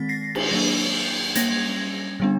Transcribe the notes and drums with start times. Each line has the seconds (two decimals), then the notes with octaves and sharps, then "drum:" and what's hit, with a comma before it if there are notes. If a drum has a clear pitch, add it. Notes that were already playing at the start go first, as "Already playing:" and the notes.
Already playing: D#3 G#3 C4 A6 B6
0.09 A#6 C7
0.35 drum: cymbal
0.52 F#3 A#3 D4
1.35 G3 A#3 C#4 G#6 A#6, drum: hi-hat
2.20 D3 G3 B3 D4